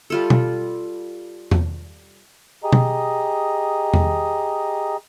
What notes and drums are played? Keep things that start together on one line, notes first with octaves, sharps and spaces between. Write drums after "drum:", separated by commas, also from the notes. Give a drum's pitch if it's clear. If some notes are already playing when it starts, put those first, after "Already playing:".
G3 F4 A4
drum: tom B2
drum: tom E2
G4 G#4 D#5 A#5
drum: tom B2
drum: tom E2